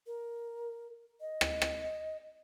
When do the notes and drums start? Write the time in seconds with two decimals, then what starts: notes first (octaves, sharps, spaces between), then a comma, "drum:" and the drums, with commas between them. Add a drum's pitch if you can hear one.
0.07 A#4
1.20 D#5
1.41 drum: rim click
1.62 drum: rim click